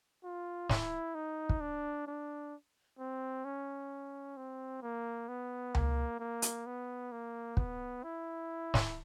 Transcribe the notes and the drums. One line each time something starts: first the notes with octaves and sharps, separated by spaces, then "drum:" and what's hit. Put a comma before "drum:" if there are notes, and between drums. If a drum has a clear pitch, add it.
F4
E4, drum: snare
D#4
drum: kick
D4
D4
C4
C#4
C4
A#3
B3
A#3, drum: tom C#2
A#3
drum: hi-hat
B3
A#3
B3, drum: kick
E4
drum: snare